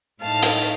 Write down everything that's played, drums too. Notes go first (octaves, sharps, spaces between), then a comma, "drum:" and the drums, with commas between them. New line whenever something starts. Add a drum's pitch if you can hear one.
A2 A3 D#4 F5 A5
drum: hi-hat